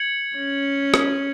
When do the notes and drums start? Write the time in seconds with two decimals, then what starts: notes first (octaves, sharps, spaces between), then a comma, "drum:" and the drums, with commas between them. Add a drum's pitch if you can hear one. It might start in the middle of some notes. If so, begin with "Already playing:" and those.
Already playing: G#6 C#7 F#7
0.36 C#4
0.94 drum: rim click